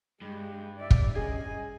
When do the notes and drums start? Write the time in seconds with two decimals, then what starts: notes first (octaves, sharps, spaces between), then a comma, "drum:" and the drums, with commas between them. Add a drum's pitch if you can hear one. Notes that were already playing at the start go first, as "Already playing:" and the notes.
0.21 G2 G#3 G4
0.77 D5 E5
0.90 drum: kick
1.15 C#4 G#4 D#5 G#5